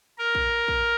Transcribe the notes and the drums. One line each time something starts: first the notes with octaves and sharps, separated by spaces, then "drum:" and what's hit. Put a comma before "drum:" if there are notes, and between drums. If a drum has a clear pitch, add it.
A#4
drum: kick
drum: kick